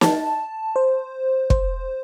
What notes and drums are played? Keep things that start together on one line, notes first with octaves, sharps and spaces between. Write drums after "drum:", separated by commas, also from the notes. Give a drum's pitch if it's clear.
A5, drum: snare
C5
C5, drum: kick